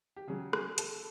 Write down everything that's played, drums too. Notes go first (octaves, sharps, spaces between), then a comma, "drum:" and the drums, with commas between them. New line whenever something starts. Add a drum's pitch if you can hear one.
G4
C#3 F#3 G#4
G#4, drum: rim click
A4, drum: hi-hat